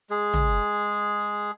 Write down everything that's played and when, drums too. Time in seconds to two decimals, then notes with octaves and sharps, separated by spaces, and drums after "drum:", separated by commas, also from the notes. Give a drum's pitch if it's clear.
0.10 G#3 G#4
0.34 drum: tom